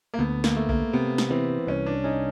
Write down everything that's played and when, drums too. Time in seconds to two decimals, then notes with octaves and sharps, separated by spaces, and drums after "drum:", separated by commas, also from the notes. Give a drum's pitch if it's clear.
0.14 A#3
0.19 D2 B3
0.44 A#3, drum: snare
0.57 A3
0.69 A#3, drum: kick B1
0.93 C3 B3
1.18 drum: snare
1.31 E3 C4
1.67 C2 C#4
1.86 D4
2.04 C#4 D#4